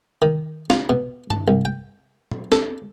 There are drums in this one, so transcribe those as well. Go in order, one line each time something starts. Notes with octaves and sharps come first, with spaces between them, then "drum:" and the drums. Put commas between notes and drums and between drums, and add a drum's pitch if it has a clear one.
D#3
F4, drum: snare
B2
A5, drum: tom G2
C2
G5
drum: tom
A4, drum: snare